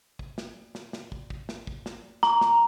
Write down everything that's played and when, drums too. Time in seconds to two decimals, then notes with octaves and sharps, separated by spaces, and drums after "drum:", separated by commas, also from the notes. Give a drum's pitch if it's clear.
0.19 drum: kick
0.38 drum: snare
0.75 drum: snare
0.93 drum: snare
1.12 drum: kick
1.30 drum: kick
1.49 drum: snare
1.67 drum: kick
1.86 drum: snare
2.23 A#5, drum: snare
2.41 drum: snare